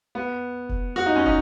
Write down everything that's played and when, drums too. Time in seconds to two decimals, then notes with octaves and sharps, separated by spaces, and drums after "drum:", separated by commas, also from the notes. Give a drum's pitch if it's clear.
0.15 B3
0.69 drum: kick
0.96 F#4
1.06 D#4
1.16 C#4
1.26 D#4, drum: kick